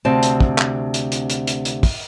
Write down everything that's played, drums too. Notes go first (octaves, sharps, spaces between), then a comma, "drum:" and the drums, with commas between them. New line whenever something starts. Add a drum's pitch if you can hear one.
D2 C3 C4 A5
drum: hi-hat
drum: kick
drum: clap
drum: hi-hat
drum: hi-hat
drum: hi-hat
drum: hi-hat
drum: hi-hat
drum: kick, open hi-hat